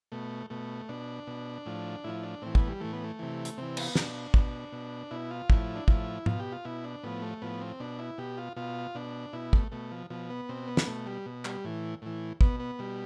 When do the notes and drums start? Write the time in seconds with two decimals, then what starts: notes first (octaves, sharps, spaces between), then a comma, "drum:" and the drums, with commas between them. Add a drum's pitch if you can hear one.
0.12 B2 A3
0.50 B2 A3
0.89 B2 D4
1.27 B2
1.66 A2 F3
2.04 A2 F3 E4
2.23 D4
2.42 A2 E3 C4
2.55 B3, drum: kick
2.68 G3
2.80 A2 E3 A3
2.93 B3
3.04 A3
3.19 C3 E3
3.45 drum: hi-hat
3.58 C3 E3 C4
3.77 B3, drum: cymbal
3.95 B2 D4, drum: snare
4.34 B2, drum: kick
4.72 B2
5.11 B2 E4
5.31 F4
5.50 A2 F3 E4, drum: kick
5.76 D4
5.88 A2 F3 E4, drum: kick
6.26 B2 F4, drum: tom
6.40 G4
6.52 F4
6.65 B2 E4
6.84 D4
7.03 A2 F3 B3
7.22 A3
7.42 A2 F3 B3
7.61 C4
7.80 B2 D4
7.99 E4
8.18 B2 G4
8.38 F4
8.56 B2 F4
8.95 B2 D4
9.33 B2 E4
9.53 A3, drum: kick
9.72 B2 A3
9.91 F3
10.10 B2 F3
10.30 B3
10.49 B2 C4
10.68 B3
10.77 drum: snare
10.87 B2 A3
11.06 G3
11.26 B2
11.45 G3, drum: clap
11.65 A2 E3
12.02 A2 E3
12.41 B2 B3, drum: kick
12.60 B3
12.79 B2 G3